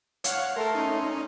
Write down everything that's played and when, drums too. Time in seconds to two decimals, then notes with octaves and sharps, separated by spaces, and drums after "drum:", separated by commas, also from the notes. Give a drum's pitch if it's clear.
0.24 C#5 F5 F#5, drum: hi-hat
0.56 A3 A4 A#4 C6
0.75 C#4 D#4